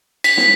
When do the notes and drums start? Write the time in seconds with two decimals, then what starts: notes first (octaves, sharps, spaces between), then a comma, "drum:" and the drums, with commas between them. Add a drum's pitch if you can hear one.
0.24 B6, drum: cymbal
0.37 drum: snare